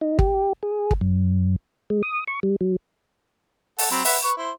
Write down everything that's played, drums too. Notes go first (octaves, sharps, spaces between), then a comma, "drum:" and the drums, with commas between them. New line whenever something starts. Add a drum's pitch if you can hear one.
D#4
G4, drum: kick
G#4
drum: kick
F#2
G#3
D#6
C#6
G3
F#3
A4 F#5, drum: open hi-hat
F#3 C4 B5
B4 E5 F#5, drum: open hi-hat
B4 C#6
E4 C5